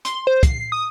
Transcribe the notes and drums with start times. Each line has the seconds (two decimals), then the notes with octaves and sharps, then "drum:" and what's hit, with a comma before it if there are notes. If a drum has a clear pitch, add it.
0.05 C6, drum: hi-hat
0.27 C5
0.43 C7, drum: kick, hi-hat
0.72 D#6